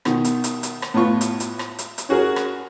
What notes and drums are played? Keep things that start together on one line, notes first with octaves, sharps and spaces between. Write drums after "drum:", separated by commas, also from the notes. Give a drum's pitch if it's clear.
B2 D#3, drum: rim click
drum: hi-hat
drum: hi-hat
drum: hi-hat
drum: rim click
A2 B3 F4 C#6
drum: hi-hat
drum: hi-hat
drum: rim click
drum: hi-hat
drum: hi-hat
C#4 F#4 G#4 A#4
drum: rim click